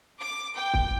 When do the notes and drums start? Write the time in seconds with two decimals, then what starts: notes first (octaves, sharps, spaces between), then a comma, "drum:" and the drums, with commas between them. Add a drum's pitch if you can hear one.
0.20 D6
0.55 G5
0.74 drum: kick